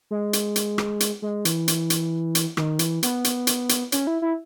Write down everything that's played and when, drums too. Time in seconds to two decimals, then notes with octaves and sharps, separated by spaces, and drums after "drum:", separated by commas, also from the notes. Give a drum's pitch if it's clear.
0.11 G#3
0.33 drum: hi-hat
0.56 drum: hi-hat
0.78 drum: rim click
1.00 drum: hi-hat
1.22 G#3
1.45 E3, drum: hi-hat
1.68 drum: hi-hat
1.90 drum: hi-hat
2.35 drum: hi-hat
2.57 D#3, drum: rim click
2.79 E3, drum: hi-hat
3.03 B3, drum: hi-hat
3.24 drum: hi-hat
3.47 drum: hi-hat
3.69 drum: hi-hat
3.92 C#4, drum: hi-hat
4.07 E4
4.22 E4